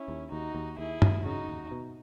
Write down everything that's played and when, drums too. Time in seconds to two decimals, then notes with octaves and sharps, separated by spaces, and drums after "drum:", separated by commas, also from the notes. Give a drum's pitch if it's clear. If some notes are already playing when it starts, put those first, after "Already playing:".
Already playing: C#4 E4
0.08 D#2
0.32 D#2 D#4 F#4
0.55 D#2
0.78 D#2 E4 G#4
1.02 D#2, drum: tom G2
1.25 C#3 D#4 F#4
1.48 D#2
1.71 B2